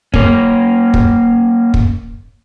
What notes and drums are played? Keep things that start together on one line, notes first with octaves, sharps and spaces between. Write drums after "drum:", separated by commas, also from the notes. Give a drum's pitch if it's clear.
A#3 C#4, drum: kick
drum: kick
drum: kick